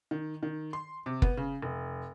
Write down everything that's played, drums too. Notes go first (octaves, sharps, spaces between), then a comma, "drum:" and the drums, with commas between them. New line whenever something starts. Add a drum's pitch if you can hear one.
D#3
D#3
C6
C3
B3, drum: kick
C#3
F1